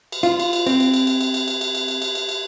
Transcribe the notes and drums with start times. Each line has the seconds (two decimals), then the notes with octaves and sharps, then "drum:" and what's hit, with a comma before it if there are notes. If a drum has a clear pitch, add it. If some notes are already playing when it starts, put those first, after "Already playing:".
0.12 drum: cymbal
0.23 F4, drum: cymbal
0.39 drum: cymbal
0.53 drum: cymbal
0.66 C4, drum: cymbal
0.80 drum: cymbal
0.94 drum: cymbal
1.07 drum: cymbal
1.21 drum: cymbal
1.34 drum: cymbal
1.48 drum: cymbal
1.61 drum: cymbal
1.75 drum: cymbal
1.88 drum: cymbal
2.02 drum: cymbal
2.15 drum: cymbal
2.29 drum: cymbal